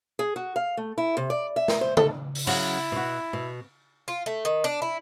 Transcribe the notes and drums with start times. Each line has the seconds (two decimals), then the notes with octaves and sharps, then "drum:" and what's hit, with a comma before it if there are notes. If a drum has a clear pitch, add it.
0.19 G#4
0.36 F#4
0.56 F5
0.77 A3
0.98 E4
1.17 C3
1.30 D5
1.56 E5
1.68 A#4, drum: snare
1.81 C5
1.97 A4, drum: tom C#3
2.35 drum: open hi-hat
2.47 C#3 F#3 E4 F#4, drum: cymbal
2.92 B2 F#4
3.33 B2
4.08 F4
4.26 A3
4.45 D#3
4.64 D4
4.82 E4